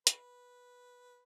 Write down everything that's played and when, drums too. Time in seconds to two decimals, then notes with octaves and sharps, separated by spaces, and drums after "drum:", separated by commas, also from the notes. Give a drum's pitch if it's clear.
0.07 B4, drum: hi-hat